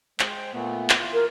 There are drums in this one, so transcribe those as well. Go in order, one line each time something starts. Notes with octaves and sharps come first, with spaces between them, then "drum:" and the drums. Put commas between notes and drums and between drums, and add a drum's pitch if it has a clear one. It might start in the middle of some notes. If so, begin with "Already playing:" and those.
G#3 C5 G5, drum: clap
A#2 A3 B3
drum: clap
E3 F4
A#4